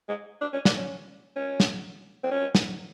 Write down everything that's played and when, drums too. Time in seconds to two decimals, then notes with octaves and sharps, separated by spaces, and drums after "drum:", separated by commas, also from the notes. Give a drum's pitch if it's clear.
0.09 G#3
0.41 D4
0.53 C#4
0.65 D4, drum: snare
0.77 C#4
1.36 C#4
1.60 drum: snare
2.23 C4
2.31 C#4
2.55 drum: snare